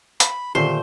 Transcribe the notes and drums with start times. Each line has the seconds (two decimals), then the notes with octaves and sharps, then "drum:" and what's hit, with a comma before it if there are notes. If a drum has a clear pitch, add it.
0.20 B5, drum: hi-hat
0.55 A#2 D3 D#3 A3 G4 C5 G7